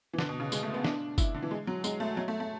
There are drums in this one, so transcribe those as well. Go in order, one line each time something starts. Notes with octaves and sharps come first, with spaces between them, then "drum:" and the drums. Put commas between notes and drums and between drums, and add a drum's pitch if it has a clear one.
E3
D3, drum: snare
B2
C#3
G#3, drum: tambourine
A3
B3
D4, drum: snare
E4, drum: kick F#1, tambourine
D3
E3
G#3
F#3
G#3, drum: tambourine
A3
F#3
A3
A3